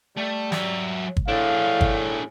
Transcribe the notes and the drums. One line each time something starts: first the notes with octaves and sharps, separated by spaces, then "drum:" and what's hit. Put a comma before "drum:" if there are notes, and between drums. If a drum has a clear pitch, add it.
G3 A3
F#3 E5, drum: snare
drum: kick G1
A2 D4 G#4 F5
drum: kick G1